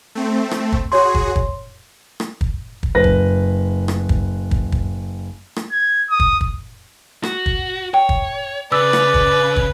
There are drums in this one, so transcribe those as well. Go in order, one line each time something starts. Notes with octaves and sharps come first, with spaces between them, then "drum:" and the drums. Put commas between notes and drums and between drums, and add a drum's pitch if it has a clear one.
A3 C4
drum: rim click
drum: kick
F#4 G#4 C#5 C6
drum: kick
drum: kick
drum: rim click
drum: kick
drum: kick
F#1 B4 A#6
drum: kick
drum: rim click
drum: kick
drum: kick
drum: kick
drum: rim click
G#6
D#6
drum: kick
drum: kick
F#4, drum: rim click
drum: kick
C#5 G5
drum: kick
C#3 B4 D5 E6
drum: rim click
drum: kick
drum: kick